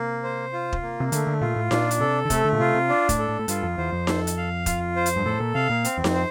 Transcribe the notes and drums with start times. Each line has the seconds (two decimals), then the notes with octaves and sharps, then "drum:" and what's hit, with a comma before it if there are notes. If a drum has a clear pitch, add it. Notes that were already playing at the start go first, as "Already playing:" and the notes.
Already playing: C3 A#3
0.24 C5
0.53 F4
0.73 drum: kick
0.82 A#3
1.00 C3
1.12 D3 A3, drum: hi-hat
1.27 D3
1.41 A#2 F4
1.56 A2
1.71 A#2 D4, drum: snare D#4
1.91 drum: hi-hat
2.00 C3 A4
2.25 D3
2.30 C3 A3, drum: kick, hi-hat
2.45 D3
2.53 A#2
2.60 C3 F4
2.75 C3
2.89 D4
3.09 A2, drum: kick, hi-hat
3.19 A4
3.29 A2
3.39 A2
3.48 G2 F4, drum: hi-hat
3.63 F2
3.78 E2 C5
3.92 F2
4.07 A4, drum: snare D#4
4.27 drum: hi-hat
4.37 F5
4.66 F4, drum: kick, hi-hat
4.96 C5
5.06 drum: hi-hat
5.16 G2
5.25 A2 A4
5.40 A#2
5.55 C3 F5
5.70 A#2
5.84 C4, drum: hi-hat
5.98 E2
6.04 F2, drum: snare D#4
6.14 C5